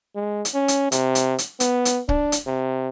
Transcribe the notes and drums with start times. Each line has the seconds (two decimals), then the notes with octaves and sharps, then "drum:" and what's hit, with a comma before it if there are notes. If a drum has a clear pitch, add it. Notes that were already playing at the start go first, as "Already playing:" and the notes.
0.16 G#3
0.45 drum: hi-hat
0.55 C#4
0.68 drum: hi-hat
0.92 C3, drum: hi-hat
1.15 drum: hi-hat
1.38 drum: hi-hat
1.60 B3, drum: hi-hat
1.85 drum: hi-hat
2.09 D4, drum: kick C#1
2.32 drum: hi-hat
2.47 C3